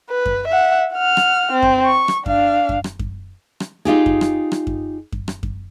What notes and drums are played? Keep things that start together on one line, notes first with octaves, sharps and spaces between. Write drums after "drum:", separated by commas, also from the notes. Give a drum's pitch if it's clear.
B4
drum: kick F#2
E5 F#5
F#5 F6
drum: rim click
C4
drum: kick F#2
C#6
drum: rim click
D4 F5, drum: kick F#2
drum: kick F#2
drum: rim click
drum: kick F#2
drum: rim click
D#4 F4 G4 G#4
drum: kick F#2
drum: rim click
drum: rim click
drum: kick F#2
drum: kick F#2
drum: rim click
drum: kick F#2